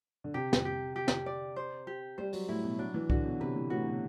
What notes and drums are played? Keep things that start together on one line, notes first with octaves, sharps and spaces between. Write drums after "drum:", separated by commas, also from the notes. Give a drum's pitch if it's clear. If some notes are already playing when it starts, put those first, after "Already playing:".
D3
C3 G4
drum: snare
G4
G4
drum: snare
D5
C5
G4
G3 C5
F#3, drum: open hi-hat
A2 E4
B2
F#3 D4
E3
D3 F#4, drum: kick C2
B2
C3 B4
E3
A2 F#4
B2